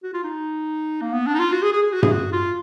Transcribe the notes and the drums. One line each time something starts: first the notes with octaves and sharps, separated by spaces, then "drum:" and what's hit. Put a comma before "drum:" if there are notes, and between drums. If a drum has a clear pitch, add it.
F#4
F4
D#4
A#3
B3
D4
D#4
F4
F#4
G#4
G#4
G#4
F#4
G#4, drum: tom G2
F#4
F4